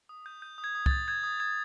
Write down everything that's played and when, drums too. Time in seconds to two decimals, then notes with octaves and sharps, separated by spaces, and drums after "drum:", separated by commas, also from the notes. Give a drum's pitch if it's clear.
0.09 D#6
0.26 G6
0.42 G6
0.58 D#6
0.64 G#6
0.75 D#6
0.86 G6 A6, drum: kick C2
1.08 G6 G#6
1.23 D#6
1.40 D#6 G#6